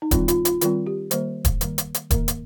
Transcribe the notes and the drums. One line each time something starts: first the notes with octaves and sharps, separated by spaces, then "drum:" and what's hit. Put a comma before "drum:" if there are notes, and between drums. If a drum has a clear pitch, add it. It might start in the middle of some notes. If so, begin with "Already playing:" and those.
D#4
D#3 G3 C4 F4, drum: kick D#1, hi-hat
F4, drum: hi-hat
F4, drum: hi-hat
D#3 G3 C4 F4, drum: hi-hat
G4
D#3 G3 A#3 C5, drum: hi-hat
drum: kick D#1, hi-hat
D#3 G3 A#3, drum: hi-hat
drum: hi-hat
drum: hi-hat
D#3 A#3 A#4, drum: kick D#1, hi-hat
drum: hi-hat